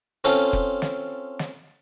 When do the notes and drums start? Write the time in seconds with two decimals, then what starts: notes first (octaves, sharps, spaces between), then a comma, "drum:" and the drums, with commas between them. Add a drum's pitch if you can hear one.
0.24 C4 C#4 F4 A4
0.53 drum: kick F1
0.82 drum: snare
1.39 drum: snare